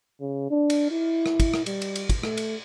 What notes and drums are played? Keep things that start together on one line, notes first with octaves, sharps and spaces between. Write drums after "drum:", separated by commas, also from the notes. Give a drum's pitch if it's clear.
C#3
D4
drum: cymbal
E4
drum: rim click
drum: kick, cymbal
drum: rim click
G3, drum: cymbal
drum: cymbal
drum: cymbal
drum: kick, cymbal
A3, drum: rim click
drum: cymbal